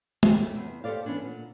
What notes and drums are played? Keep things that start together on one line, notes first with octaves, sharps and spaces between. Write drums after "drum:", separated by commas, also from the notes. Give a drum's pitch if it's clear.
C#3 F3 F4 G#4 G5, drum: tom
A3 G4 C#5
E2 C3 B3
G4 A4 B4 C5 D5 F5
E3 B3 C#4 D4 C#5
A#2 D3